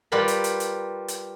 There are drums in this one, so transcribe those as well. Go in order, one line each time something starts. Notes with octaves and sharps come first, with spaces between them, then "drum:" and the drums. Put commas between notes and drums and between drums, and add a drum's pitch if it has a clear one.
G3 F4 G4 A#4 B4 B5
drum: hi-hat
drum: hi-hat
drum: hi-hat
drum: hi-hat